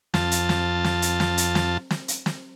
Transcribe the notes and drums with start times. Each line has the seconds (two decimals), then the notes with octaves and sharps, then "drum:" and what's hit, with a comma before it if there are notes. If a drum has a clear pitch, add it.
0.14 F2 F4 A5, drum: snare
0.31 drum: hi-hat
0.49 drum: snare
0.84 drum: snare
1.02 drum: hi-hat
1.20 drum: snare
1.37 drum: hi-hat
1.55 drum: snare
1.91 drum: snare
2.08 drum: hi-hat
2.26 drum: snare